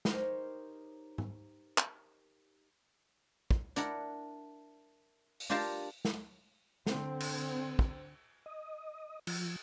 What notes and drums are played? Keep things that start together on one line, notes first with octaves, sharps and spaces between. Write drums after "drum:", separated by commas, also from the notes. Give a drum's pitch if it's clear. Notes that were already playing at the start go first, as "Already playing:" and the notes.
D#4 G4 A#4 C5 C#5, drum: snare
drum: tom G#2
drum: clap
drum: kick
D4 E4 A#4 F#5, drum: hi-hat
drum: open hi-hat
D4 F4 G4 A#4 F5 A5
drum: snare
D3 C4, drum: snare
drum: cymbal
drum: kick
D#5
F3, drum: cymbal